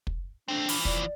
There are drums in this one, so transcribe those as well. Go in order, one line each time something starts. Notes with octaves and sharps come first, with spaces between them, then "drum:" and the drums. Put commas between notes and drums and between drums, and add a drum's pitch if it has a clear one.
drum: kick
A3 C4 D4
E3 F3, drum: open hi-hat
D5, drum: kick